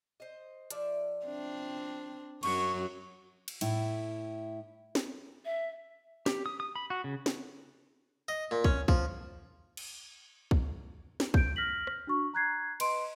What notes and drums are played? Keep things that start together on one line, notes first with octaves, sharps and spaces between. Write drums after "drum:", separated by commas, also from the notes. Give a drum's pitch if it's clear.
C5 D#5
F3 D5 E5, drum: hi-hat
C4 D4
F#2 F#3 C#6, drum: cymbal
drum: cymbal
A2 E4, drum: cymbal
drum: snare
E5
G4, drum: snare
D#6
D#6
B5
F#4
C#3
drum: snare
D#5
A#2
C#4, drum: kick
F3, drum: kick
drum: cymbal
drum: kick
drum: snare
G6 D7, drum: kick
F6 A#6 B6 F#7
drum: rim click
D4 F#4 C#6
A#5 F#6 G#6 C7
B4 D#5 C6 D7, drum: cymbal